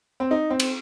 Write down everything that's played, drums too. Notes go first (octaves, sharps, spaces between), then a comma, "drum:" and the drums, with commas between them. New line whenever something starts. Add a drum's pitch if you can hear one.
C4
D#4
C4
drum: cymbal